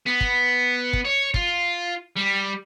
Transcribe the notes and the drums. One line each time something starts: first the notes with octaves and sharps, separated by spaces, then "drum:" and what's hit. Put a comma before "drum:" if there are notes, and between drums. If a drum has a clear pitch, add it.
B3
drum: kick
drum: kick
C#5
F4, drum: kick
G3